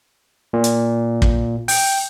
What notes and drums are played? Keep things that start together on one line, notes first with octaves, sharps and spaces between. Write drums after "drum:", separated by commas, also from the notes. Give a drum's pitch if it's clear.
A#2
drum: hi-hat
drum: kick
G5, drum: open hi-hat